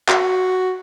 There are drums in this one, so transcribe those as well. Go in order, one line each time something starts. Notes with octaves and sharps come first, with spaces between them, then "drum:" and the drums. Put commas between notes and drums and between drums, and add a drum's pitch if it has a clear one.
F#4, drum: clap